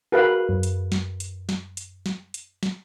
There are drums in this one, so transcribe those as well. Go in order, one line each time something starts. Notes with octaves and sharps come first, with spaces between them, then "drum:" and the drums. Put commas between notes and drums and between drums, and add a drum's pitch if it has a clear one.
F#4 G#4 A#4 B4 F5
F#2
drum: hi-hat
drum: snare
drum: hi-hat
drum: snare
drum: hi-hat
drum: snare
drum: hi-hat
drum: snare